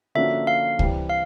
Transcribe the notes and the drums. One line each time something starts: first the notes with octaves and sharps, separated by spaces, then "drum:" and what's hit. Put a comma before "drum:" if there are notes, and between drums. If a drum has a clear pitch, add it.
D3 F3 A#3 C#4 F#4 E5
F5
C3 E3 G3, drum: kick C#2
F5